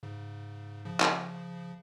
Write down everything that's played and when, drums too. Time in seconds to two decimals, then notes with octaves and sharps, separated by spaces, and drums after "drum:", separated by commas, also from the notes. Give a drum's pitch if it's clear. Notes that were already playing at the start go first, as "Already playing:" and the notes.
0.03 G#2 C#3
0.85 C#3 F3
1.00 drum: clap